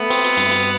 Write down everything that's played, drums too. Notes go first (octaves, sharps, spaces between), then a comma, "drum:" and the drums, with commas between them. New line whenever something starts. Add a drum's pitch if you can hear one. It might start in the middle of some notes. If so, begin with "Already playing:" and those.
Already playing: A3 B3
C4, drum: cymbal
drum: cymbal
G2, drum: cymbal
drum: cymbal